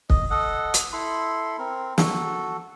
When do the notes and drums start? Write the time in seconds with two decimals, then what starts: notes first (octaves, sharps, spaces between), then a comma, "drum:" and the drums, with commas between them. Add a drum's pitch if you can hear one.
0.10 D#5, drum: kick
0.31 A4 D#5 F#5
0.74 drum: hi-hat
0.93 E4 A4 B5 C6
1.59 C4 A#4
1.98 F#4 A4, drum: snare